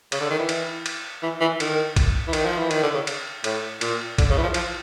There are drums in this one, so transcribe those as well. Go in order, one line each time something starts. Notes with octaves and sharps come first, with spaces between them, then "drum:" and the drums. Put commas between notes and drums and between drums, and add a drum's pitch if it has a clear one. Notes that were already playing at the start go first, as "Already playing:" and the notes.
C#3, drum: cymbal
D3
D#3
E3
drum: cymbal
drum: cymbal
E3
E3
D#3, drum: cymbal
drum: kick A#1, cymbal
E3
D#3, drum: cymbal
F3
E3
D#3, drum: cymbal
D3
C#3
drum: cymbal
A2, drum: cymbal
A#2, drum: cymbal
D3, drum: kick A#1, cymbal
C#3
E3
F3
F3, drum: cymbal